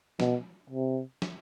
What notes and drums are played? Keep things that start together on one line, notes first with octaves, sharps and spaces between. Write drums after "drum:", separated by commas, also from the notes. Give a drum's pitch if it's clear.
B2, drum: snare
C3
drum: snare